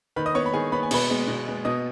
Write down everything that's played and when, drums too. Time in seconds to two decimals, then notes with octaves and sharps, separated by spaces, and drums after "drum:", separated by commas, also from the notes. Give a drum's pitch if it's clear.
0.16 D#3 B4 B5
0.26 D#5 D#6
0.35 B3 C#5 C#6
0.46 B5
0.54 D#3 G#4 G#5
0.72 B3 B5
0.83 G#5
0.91 B2 B4 B5, drum: cymbal
1.09 G#3 B3
1.28 B2
1.46 G#3 B3
1.65 B2 D#5 D#6